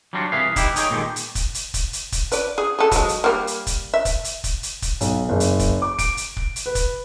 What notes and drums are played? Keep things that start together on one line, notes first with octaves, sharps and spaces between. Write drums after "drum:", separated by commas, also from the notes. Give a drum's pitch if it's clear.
F#3 G3 D4 F4 F#4
C2 E3 E4 G#4 B4 F5
D#4 E4 G4 B4, drum: kick, hi-hat
D#4 G#4 C#5 E5 G5, drum: hi-hat
A#2 D3 D#3 G#3 G4
drum: hi-hat
drum: kick, hi-hat
drum: hi-hat
drum: kick, hi-hat
drum: hi-hat
drum: kick, hi-hat
B4 D5, drum: hi-hat
G#4
G#4 A4
F#3 G#3, drum: kick, hi-hat
drum: hi-hat
G3 A#3
drum: hi-hat
drum: kick, hi-hat
E5
drum: kick, hi-hat
drum: hi-hat
drum: kick, hi-hat
drum: hi-hat
drum: kick, hi-hat
B1, drum: hi-hat
F#1
drum: hi-hat
drum: kick, hi-hat
D6
D7, drum: kick, hi-hat
drum: hi-hat
drum: kick
drum: hi-hat
B4
drum: kick, hi-hat